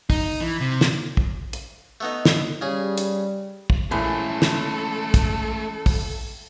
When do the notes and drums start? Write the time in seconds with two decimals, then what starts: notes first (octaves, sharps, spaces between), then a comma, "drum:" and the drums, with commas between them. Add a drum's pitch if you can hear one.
0.10 D#4, drum: kick, open hi-hat
0.41 E3
0.60 C3
0.81 drum: snare
1.17 drum: kick
1.53 drum: hi-hat
2.01 A3 B3 D#4
2.25 drum: snare
2.61 C#3 G3 G#4
2.98 drum: hi-hat
3.70 drum: kick
3.91 A#1 E3 G#3 A3 C#4 A4 G#5
4.42 drum: snare
5.14 drum: kick, hi-hat
5.86 drum: kick, open hi-hat